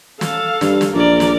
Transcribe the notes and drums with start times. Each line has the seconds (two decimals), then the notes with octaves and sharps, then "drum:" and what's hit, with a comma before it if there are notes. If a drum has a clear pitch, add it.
0.21 A4 F5, drum: snare
0.61 G2, drum: snare
0.81 drum: snare
0.94 A#1 A#4 D5
1.20 drum: snare